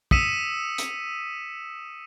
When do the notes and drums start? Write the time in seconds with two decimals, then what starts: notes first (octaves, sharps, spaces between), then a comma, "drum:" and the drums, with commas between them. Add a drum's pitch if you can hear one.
0.11 D#6 E6 B6 C#7 D#7 E7, drum: kick
0.78 drum: hi-hat